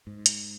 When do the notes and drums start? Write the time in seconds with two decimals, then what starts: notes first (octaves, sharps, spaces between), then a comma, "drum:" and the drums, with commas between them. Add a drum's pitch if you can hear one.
0.07 G#2
0.26 drum: hi-hat